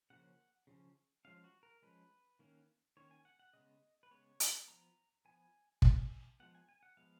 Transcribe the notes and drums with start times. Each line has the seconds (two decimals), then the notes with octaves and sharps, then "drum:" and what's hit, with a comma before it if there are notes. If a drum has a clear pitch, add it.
0.10 C#3 F3 A#3 C#4 F#5
0.67 C#3 F3 C#4
1.25 F3 G#3 C#4 F5
1.44 F#4
1.63 A#4
1.82 F3 G#3 C#4 B4
2.39 D#3 A#3 C#4
2.97 D#3 A#3 C#4 C#5
3.11 G#5
3.25 F#5
3.39 F#5
3.54 C#3 G#3 B3 D#5
4.03 B4
4.11 C#3 G#3 B3 C#5
4.40 drum: hi-hat
4.68 F3 B3 A#5
5.25 F3 B3 G#5
5.82 F3 G#3 B3 G#5, drum: kick
6.40 F3 G#3 B3 F#5
6.55 G#5
6.69 G#5
6.83 F#5
6.97 F3 G#3 B3 F5